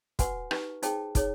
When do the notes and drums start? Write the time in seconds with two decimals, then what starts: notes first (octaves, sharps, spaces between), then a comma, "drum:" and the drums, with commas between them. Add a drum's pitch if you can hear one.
0.19 F#4 B4 F#5 G#5, drum: kick, hi-hat
0.51 D#4 G4 B4, drum: rim click
0.83 D#4 G#4 C5 G5 A5, drum: hi-hat
1.15 D#4 G#4 C#5, drum: kick, hi-hat